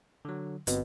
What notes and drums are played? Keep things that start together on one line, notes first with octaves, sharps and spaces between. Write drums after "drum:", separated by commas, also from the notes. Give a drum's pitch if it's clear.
D3 F#3
G1 B2 C4, drum: hi-hat